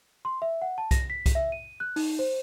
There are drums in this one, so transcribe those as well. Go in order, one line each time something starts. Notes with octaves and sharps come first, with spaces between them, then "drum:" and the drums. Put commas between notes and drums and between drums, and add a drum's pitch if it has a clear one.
C6
E5
F#5
A5
A#6, drum: kick C2, hi-hat
B6
drum: kick C2, hi-hat
E5
D#7
F#6
D#4, drum: open hi-hat
C5